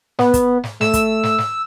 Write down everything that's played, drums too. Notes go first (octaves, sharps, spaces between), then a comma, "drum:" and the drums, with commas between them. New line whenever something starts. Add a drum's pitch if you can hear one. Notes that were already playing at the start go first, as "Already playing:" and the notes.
B3, drum: snare
drum: kick, hi-hat
drum: snare
A3 E6, drum: snare
drum: kick, hi-hat
drum: snare
drum: snare